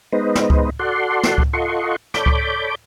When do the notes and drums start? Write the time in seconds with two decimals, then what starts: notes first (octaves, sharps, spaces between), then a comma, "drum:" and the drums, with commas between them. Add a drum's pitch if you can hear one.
0.13 G#3 B3 D#4 B4 C5 D#5
0.35 drum: snare
0.50 drum: kick C#2
0.79 F#4 A4 D5 F#5 C6
1.23 drum: snare
1.38 drum: kick C#2
1.53 F4 A4 D#5 F#5 C6 C#6
2.14 A4 C#5 D5 B5 D6 G6, drum: snare
2.26 drum: kick C#2